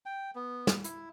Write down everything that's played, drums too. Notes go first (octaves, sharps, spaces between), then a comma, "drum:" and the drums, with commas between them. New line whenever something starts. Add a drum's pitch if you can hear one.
G5
B3
drum: snare
E4, drum: hi-hat